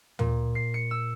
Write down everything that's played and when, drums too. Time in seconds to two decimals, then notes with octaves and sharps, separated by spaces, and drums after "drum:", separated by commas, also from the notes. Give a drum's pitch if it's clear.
0.19 A#2, drum: tom D2
0.55 C7
0.74 C#7
0.91 E6